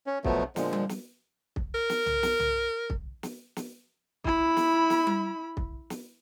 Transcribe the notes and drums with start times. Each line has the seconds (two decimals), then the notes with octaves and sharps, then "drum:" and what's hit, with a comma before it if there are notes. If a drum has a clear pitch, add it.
0.07 C#4
0.24 B2 F3 F#3 A3 B3, drum: kick
0.56 A#2 D3 F3 G#3, drum: snare
0.73 drum: tom G3
0.89 drum: snare
1.56 drum: kick
1.75 A#4
1.90 drum: snare
2.06 drum: tom
2.23 drum: snare
2.40 drum: tom
2.90 drum: kick
3.23 drum: snare
3.56 drum: snare
4.24 E4 B5, drum: kick
4.57 drum: snare
4.90 drum: snare
5.07 drum: tom G3
5.57 drum: kick
5.90 drum: snare